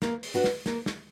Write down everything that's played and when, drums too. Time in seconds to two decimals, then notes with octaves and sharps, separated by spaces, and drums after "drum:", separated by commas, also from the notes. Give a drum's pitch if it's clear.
0.02 A#3, drum: snare
0.23 drum: open hi-hat
0.34 D4 F#4 B4
0.44 drum: snare
0.66 A#3, drum: snare
0.86 drum: snare